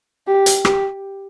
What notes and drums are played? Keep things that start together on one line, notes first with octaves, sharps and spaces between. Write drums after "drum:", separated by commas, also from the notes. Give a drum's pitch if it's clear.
G4
drum: hi-hat
G4, drum: rim click